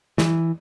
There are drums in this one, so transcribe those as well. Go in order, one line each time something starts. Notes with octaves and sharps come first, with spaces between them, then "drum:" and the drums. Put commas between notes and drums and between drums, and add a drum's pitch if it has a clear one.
E3, drum: snare